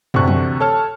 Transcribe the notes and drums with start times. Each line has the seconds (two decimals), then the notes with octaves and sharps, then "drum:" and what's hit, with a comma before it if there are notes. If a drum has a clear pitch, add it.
0.14 D2 C3 A3 D4 C#6 F#6, drum: tom
0.28 drum: tom
0.60 A4 C#5 A5 F6